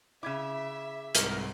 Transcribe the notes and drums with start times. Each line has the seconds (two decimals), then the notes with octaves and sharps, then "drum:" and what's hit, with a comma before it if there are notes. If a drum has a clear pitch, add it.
0.23 C#3 E4 E5 D6 G#6
1.15 C2 G#2 A#4, drum: hi-hat